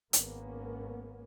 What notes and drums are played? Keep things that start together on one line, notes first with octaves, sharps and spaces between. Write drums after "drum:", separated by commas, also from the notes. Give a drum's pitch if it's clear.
G#1 A#3 B3 C#4, drum: hi-hat